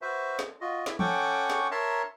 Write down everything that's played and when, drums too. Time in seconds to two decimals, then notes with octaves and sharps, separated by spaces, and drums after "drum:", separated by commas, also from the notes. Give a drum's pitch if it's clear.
0.02 F#4 B4 C5 E5
0.39 drum: snare
0.61 F4 F#4 D#5
0.86 E4 E5, drum: snare
0.99 C#4 A4 F#5 G5 C#6 D6, drum: tom E3
1.50 drum: snare
1.71 A#4 C#5 E5 A5 A#5 C6